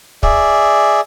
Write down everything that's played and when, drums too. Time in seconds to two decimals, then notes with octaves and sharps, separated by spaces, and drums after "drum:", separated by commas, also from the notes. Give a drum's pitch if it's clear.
0.23 G#4 D5 E5, drum: kick